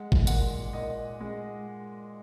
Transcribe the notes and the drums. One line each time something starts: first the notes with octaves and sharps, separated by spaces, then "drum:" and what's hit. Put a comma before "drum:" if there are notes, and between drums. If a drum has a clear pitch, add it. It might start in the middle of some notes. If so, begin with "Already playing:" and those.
Already playing: G#3 F#5
drum: kick
A#2 F#5, drum: hi-hat
A#2 D#5
G#3